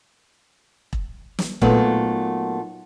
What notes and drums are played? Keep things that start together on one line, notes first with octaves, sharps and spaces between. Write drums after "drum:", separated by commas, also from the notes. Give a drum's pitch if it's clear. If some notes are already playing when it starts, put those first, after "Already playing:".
drum: kick E1
drum: snare
A#2 F#3 A3 B3 D#4, drum: kick E1